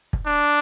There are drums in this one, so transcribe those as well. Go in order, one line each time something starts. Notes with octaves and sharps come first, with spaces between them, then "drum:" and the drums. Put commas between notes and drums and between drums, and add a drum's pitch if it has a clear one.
drum: kick
D4